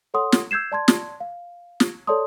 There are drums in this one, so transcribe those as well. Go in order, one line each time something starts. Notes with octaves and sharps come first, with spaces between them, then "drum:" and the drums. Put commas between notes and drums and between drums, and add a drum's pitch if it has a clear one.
A4 C#5 F#5 C6 D#6
drum: snare
E6 G6 G#6 C7 E7
D5 A5 C6 G#6
drum: snare
F5
drum: snare
A4 C#5 D5 A5 C6 D#6